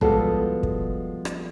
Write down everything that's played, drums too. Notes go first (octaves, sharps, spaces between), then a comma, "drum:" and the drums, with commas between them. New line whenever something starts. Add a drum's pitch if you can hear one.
F3 G3 G#3 B3 F#4 A4, drum: tom A#1
drum: kick
drum: rim click